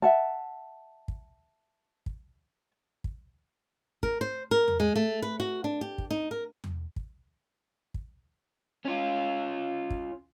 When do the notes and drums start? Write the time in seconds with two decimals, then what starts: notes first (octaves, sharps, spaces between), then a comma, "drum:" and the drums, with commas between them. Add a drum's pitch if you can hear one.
0.02 E5 F#5 A5
1.08 drum: kick
2.06 drum: kick
3.04 drum: kick
4.03 A#4, drum: kick
4.21 C5
4.51 A#4
4.68 drum: tom E2
4.80 G#3
4.96 A3
5.22 B4
5.40 F#4
5.64 D4
5.81 G4
5.98 drum: kick
6.11 D#4
6.31 A#4
6.64 drum: tom E2
6.96 drum: kick
7.94 drum: kick
8.85 C#4 F4
9.90 drum: kick